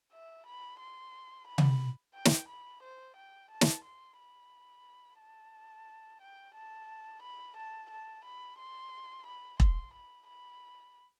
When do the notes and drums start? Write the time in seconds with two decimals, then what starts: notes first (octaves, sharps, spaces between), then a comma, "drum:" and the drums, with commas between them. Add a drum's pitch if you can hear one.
0.13 E5
0.47 B5
0.80 C6
1.47 B5
1.58 drum: tom C3
2.15 G5
2.25 drum: snare
2.49 B5
2.83 C5
3.17 G5
3.51 A5
3.61 drum: snare
3.84 C6
4.19 B5
5.21 A5
6.22 G5
6.55 A5
7.23 B5
7.57 A5
7.91 A5
8.25 B5
8.59 C6
9.27 B5
9.60 C6, drum: kick E1
9.94 B5
10.28 B5